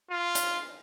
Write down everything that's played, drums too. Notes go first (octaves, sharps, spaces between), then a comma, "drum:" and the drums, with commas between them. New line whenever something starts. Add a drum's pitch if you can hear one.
F4
drum: hi-hat